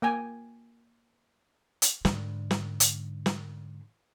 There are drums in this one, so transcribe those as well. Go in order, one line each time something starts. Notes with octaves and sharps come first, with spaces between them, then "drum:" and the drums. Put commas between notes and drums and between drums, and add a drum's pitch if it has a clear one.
A#3 G5 G#5
drum: hi-hat
G#2 D3, drum: snare
drum: snare
drum: hi-hat
drum: snare